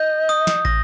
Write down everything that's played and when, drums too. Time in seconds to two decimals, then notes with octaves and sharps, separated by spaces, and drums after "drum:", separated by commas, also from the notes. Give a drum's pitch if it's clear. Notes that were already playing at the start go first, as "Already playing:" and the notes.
Already playing: D#5 G6
0.29 D#6
0.47 drum: snare
0.65 A#6, drum: kick